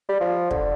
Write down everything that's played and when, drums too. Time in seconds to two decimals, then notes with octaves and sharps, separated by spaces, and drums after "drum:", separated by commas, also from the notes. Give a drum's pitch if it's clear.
0.09 G3
0.21 F3
0.51 D3, drum: kick